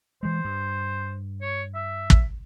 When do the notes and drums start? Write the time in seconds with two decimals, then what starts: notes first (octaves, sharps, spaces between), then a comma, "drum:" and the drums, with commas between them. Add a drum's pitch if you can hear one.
0.23 E3 G#3 C5
0.45 G2
1.42 C#5
1.75 E5
2.10 drum: kick